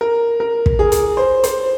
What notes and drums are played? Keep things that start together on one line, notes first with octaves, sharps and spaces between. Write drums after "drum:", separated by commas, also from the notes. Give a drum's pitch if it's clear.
A#4
A#4
drum: kick
G#4
drum: hi-hat
C5
C5, drum: hi-hat